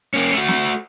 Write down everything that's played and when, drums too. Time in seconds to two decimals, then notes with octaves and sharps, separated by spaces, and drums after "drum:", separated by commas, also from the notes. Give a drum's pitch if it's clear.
0.14 A#3 C#4
0.33 A3 F#4
0.48 drum: snare